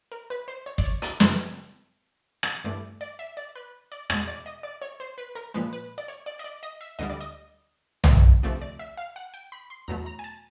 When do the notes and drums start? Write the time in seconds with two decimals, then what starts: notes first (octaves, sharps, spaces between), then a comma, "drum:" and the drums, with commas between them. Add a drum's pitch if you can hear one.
0.12 A#4
0.30 B4
0.48 C5
0.66 C#5
0.78 D5, drum: kick
0.84 C#5
1.02 D5, drum: hi-hat
1.20 F#2 C#3 E3 G#3 D5, drum: snare
2.43 drum: rim click
2.64 G2 E3 A3 D5
3.01 D5
3.19 E5
3.37 D5
3.55 B4
3.92 D5
4.10 E2 B2 G#3 C#5, drum: rim click
4.28 D5
4.46 D#5
4.63 D5
4.82 C#5
5.00 C5
5.18 B4
5.35 A#4
5.54 A#2 F3 G#3 B4
5.73 B4
5.98 D5
6.08 C#5
6.26 D5
6.39 D#5
6.44 D5
6.63 D#5
6.81 E5
6.99 D2 D3 G3 D#5
7.10 D5
7.21 D#5
8.04 drum: tom B1
8.43 D2 C3 F3 A3 D5
8.61 D5
8.79 E5
8.97 F5
9.16 F#5
9.34 G5
9.52 B5
9.70 C6
9.88 E2 B2 F#3 A3 A#5
10.06 A#5
10.19 G#5
10.24 A5